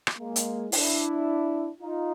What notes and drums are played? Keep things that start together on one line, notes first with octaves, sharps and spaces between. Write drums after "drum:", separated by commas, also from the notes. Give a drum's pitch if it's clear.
drum: rim click
G#3 A#3
drum: hi-hat
D4 E4, drum: open hi-hat
D#4 F4